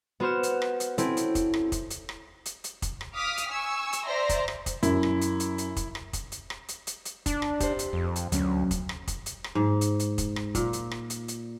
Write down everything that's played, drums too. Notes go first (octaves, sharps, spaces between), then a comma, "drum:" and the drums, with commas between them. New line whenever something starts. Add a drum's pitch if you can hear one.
B3 F#4 C5 F6 E7
drum: hi-hat
drum: rim click
drum: hi-hat
C4 C#4 E4 A4, drum: hi-hat
drum: hi-hat
drum: kick, hi-hat
drum: rim click
drum: kick, hi-hat
drum: hi-hat
drum: rim click
drum: hi-hat
drum: hi-hat
drum: kick, hi-hat
drum: rim click
F5 D6 D#6 F6 B6
drum: hi-hat
G#5 C#6 E6
drum: hi-hat
C5 D5 E5 A#5 C6 A#6
drum: kick, hi-hat
drum: rim click
drum: kick, hi-hat
F#2 E4, drum: hi-hat
drum: rim click
drum: hi-hat
drum: hi-hat
drum: hi-hat
drum: kick, hi-hat
drum: rim click
drum: kick, hi-hat
drum: hi-hat
drum: rim click
drum: hi-hat
drum: hi-hat
drum: hi-hat
D4, drum: kick, hi-hat
drum: rim click
G4 C5, drum: kick, hi-hat
drum: hi-hat
F2
drum: hi-hat
D2 F#3 C#4, drum: hi-hat
drum: kick, hi-hat
drum: rim click
drum: kick, hi-hat
drum: hi-hat
drum: rim click
G#2
drum: hi-hat
drum: hi-hat
drum: kick, hi-hat
drum: rim click
A#2, drum: kick, hi-hat
drum: hi-hat
drum: rim click
drum: hi-hat
drum: hi-hat